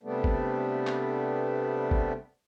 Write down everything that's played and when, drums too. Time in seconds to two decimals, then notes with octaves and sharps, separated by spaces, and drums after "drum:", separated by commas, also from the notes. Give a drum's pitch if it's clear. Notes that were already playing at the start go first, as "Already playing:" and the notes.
0.03 C3 G3 A3 B3 D4
0.24 drum: kick G1
0.87 drum: clap
1.91 drum: kick G1